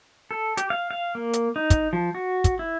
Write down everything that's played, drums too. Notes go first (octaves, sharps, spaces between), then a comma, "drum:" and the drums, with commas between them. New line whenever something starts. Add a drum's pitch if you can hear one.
A4
G4, drum: hi-hat
F5
F5
A#3
drum: hi-hat
D#4
drum: kick, hi-hat
F3
F#4
drum: kick, hi-hat
E4